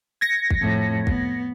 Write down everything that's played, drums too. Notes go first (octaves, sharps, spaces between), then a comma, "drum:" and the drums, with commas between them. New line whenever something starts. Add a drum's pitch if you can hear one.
G#6 A#6 C#7
drum: kick
F2 A2
B3, drum: kick